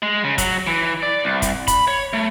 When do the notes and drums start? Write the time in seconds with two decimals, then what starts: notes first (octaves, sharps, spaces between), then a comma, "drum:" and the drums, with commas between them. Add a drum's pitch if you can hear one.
0.02 G#3
0.24 C#3
0.38 F#3, drum: kick, hi-hat
0.67 E3
1.03 D5
1.24 C2
1.42 drum: kick, hi-hat
1.68 B5, drum: kick, hi-hat
1.88 C#5
2.13 A3